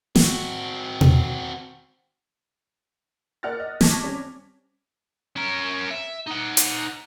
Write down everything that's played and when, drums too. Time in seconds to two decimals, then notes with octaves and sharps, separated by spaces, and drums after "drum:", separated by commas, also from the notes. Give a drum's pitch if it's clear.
0.16 C4 F#4, drum: snare
1.01 drum: tom
3.43 A#4 D5 F#5 F6 F#6 A6
3.60 D#5
3.81 A5 C#6 D6 G#6 A#6 B6, drum: snare
4.03 G3 C4 C#4
5.36 C#4 A#4
5.91 E5
6.28 D#4 F#5
6.57 drum: hi-hat